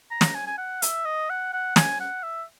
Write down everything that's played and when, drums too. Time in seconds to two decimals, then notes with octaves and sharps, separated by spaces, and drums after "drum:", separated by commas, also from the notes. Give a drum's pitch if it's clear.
0.11 A#5
0.21 drum: snare
0.35 G#5
0.47 G#5
0.58 F#5
0.82 E5, drum: hi-hat
1.05 D#5
1.30 F#5
1.53 F#5
1.76 G#5, drum: snare
2.00 F#5
2.23 E5